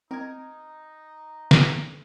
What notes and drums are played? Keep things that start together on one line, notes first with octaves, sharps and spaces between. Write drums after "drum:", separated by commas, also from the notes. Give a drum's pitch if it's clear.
C4 D#4 A#4 D#5 G#6
drum: snare